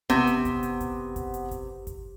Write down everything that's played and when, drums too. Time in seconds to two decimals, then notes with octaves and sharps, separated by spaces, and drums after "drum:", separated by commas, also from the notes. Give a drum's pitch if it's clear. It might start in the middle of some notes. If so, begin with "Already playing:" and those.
0.10 C3 B3, drum: kick F#1, hi-hat
0.27 drum: hi-hat
0.45 drum: kick F#1, hi-hat
0.63 drum: hi-hat
0.80 drum: kick F#1, hi-hat
1.16 drum: kick F#1, hi-hat
1.34 drum: hi-hat
1.51 drum: kick F#1, hi-hat
1.87 drum: kick F#1, hi-hat